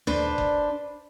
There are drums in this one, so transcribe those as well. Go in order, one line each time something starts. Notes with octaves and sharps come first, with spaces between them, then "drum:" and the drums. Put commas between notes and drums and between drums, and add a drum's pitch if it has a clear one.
D4 B4 C5, drum: tom D#2
drum: kick F#1